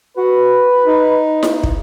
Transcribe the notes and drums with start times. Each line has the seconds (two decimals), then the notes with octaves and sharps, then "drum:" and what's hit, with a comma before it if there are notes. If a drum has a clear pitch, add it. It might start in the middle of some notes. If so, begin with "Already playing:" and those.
0.17 F#4 B4
0.86 D#4
1.43 drum: snare E4
1.63 drum: kick